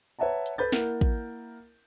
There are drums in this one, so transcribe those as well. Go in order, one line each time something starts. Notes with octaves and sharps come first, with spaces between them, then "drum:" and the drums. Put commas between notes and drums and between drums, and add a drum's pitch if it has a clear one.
B4 C#5 E5 F#5 A5 A#5
drum: hi-hat
A4 B4 B5 G6 A6
A#3 E4 A#4 F#5, drum: snare
drum: kick